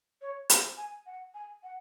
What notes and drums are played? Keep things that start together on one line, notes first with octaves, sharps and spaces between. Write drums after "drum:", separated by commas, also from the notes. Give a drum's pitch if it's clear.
C#5
C5, drum: hi-hat
G#5
F#5
G#5
F#5